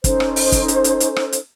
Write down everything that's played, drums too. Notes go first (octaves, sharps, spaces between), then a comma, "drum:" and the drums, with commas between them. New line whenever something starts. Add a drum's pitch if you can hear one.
C#4 D#4 A4 C5, drum: kick, hi-hat
drum: rim click
drum: open hi-hat
drum: kick, hi-hat
drum: hi-hat
drum: hi-hat
drum: hi-hat
drum: rim click
drum: hi-hat